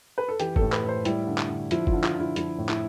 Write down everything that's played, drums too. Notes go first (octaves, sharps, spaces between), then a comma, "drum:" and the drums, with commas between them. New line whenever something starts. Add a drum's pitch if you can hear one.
B4
A4
E3 G4, drum: hi-hat
A4, drum: kick G1
A2
B4, drum: clap
A2
C5
G3 E4, drum: hi-hat
D3
drum: clap
D3
F3 E4, drum: hi-hat
F4, drum: kick G1
D3
F4, drum: clap
D3
E4
F3 E4, drum: hi-hat
A2
E4, drum: clap